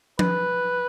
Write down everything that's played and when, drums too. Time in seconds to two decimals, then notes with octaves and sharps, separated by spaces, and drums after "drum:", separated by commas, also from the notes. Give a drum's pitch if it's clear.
0.19 B4, drum: tom F3